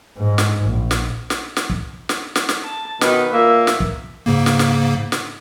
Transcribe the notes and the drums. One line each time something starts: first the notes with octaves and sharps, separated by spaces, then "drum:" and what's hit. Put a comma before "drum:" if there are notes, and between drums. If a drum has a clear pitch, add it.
G#2
drum: snare
A#1
drum: snare
drum: snare
drum: snare
drum: kick
drum: snare
drum: snare
drum: snare
A5
B2 D#3 B4, drum: snare
A#2 A#3 E5
drum: snare
drum: kick
G#2 C#3 A#3
drum: snare
drum: snare
drum: snare